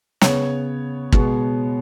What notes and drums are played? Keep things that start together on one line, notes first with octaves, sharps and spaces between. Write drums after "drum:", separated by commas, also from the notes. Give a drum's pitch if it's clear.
C#3 B3 C#5, drum: snare
B2 G#3 B3, drum: kick